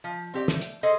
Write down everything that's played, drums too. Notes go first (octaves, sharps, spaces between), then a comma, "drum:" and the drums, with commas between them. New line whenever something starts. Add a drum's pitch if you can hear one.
F3
C4 G4 D5
A3, drum: snare
drum: hi-hat
G#4 A4 C5 D#5